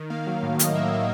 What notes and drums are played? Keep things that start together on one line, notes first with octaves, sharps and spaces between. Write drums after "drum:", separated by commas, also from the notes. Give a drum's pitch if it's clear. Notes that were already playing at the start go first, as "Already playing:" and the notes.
Already playing: D#3
A#3 F5
F#3
A2
A2 D#5, drum: hi-hat
A#3 E5
F#3